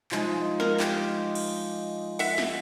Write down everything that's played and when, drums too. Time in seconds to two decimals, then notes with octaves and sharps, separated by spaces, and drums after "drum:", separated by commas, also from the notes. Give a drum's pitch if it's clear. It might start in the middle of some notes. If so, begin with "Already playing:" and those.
0.11 F3 G#3 D#4, drum: clap
0.60 A#4, drum: snare
0.80 G4, drum: clap
1.35 drum: cymbal
2.19 E5 F#5, drum: cymbal
2.38 drum: snare